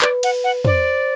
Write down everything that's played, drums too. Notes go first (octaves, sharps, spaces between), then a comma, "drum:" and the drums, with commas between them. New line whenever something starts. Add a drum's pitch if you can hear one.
B4 D5, drum: clap
F#5, drum: cymbal
F#5
C5 D5, drum: tom